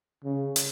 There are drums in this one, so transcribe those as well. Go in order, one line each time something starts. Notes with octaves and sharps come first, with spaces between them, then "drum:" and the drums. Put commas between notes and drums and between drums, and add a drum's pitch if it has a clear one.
C#3
drum: hi-hat